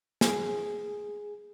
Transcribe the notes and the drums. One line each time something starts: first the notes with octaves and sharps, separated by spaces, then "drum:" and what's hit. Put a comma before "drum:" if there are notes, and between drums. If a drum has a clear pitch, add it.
G#4, drum: snare